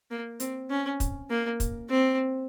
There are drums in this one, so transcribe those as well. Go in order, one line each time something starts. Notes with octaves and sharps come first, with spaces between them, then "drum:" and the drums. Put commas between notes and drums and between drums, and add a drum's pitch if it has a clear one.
A#3
C4, drum: hi-hat
C#4
drum: kick, hi-hat
A#3
drum: kick, hi-hat
C4